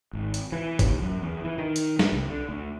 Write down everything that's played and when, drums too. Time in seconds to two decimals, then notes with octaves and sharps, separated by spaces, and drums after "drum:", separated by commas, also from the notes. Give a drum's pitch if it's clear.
0.13 G#1
0.34 drum: hi-hat
0.52 E3
0.79 D#2, drum: kick, hi-hat
1.02 F#2
1.22 E2
1.44 E3
1.58 D#3
1.76 drum: hi-hat
1.99 G2, drum: snare
2.13 C2
2.28 D3
2.49 D2